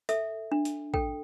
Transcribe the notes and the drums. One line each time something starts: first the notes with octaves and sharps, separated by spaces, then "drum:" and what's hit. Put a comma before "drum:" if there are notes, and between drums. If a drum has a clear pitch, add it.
A4 E5, drum: hi-hat
D4
drum: hi-hat
A4 G5, drum: kick